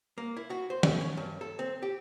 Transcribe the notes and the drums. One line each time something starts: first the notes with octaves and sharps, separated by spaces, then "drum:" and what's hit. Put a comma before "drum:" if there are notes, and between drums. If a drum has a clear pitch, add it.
A#3
E4
F#4
C5
F#2, drum: tom
C#4
G2
A4
C4
G4